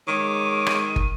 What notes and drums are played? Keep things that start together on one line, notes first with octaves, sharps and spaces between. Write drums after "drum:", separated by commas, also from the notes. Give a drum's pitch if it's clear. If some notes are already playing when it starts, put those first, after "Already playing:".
D#3 G#3 C#5 D6 D#7
drum: rim click
drum: kick